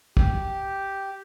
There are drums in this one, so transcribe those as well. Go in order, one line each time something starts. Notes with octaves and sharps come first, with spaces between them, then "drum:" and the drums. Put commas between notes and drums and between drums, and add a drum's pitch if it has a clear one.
G4, drum: kick